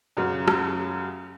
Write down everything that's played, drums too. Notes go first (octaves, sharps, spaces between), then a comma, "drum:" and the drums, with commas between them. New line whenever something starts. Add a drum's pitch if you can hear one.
F#2 C#3 F#3
drum: rim click